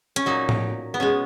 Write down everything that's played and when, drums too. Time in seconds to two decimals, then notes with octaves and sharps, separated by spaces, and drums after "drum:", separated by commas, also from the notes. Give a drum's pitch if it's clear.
0.16 C#4, drum: hi-hat
0.26 A#2 F#3 D#4
0.49 drum: tom A2
0.94 B3
1.00 B2 G#3 C#4